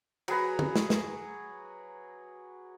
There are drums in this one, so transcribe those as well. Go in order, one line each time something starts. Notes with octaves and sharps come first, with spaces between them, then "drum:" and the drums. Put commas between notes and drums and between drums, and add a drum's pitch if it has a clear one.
F#3 G#4 B4 A#5, drum: cymbal
drum: tom
drum: snare
drum: snare